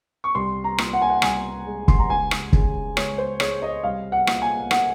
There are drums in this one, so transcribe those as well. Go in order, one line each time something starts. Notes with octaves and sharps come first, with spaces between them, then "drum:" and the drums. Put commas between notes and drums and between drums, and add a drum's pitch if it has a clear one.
C#6
C2 C6
A#5
A#2, drum: rim click
F#5
G#5
F#5
C2 G#5, drum: rim click
G#3
C6, drum: kick
A#5
C#2 G#5
drum: rim click
C#3, drum: kick
C#2 C#5, drum: rim click
C5
G#3 C#5, drum: rim click
D#5
C2 F5
F#5
A#2, drum: rim click
G#5
A#3 F#5, drum: rim click